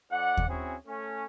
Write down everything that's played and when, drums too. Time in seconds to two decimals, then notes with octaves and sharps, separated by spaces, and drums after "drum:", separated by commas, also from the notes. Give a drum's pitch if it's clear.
0.11 F2 D5 F#5
0.37 drum: kick D#2
0.48 C4 C#4 E4 F#4 G#4
0.87 A3 C#4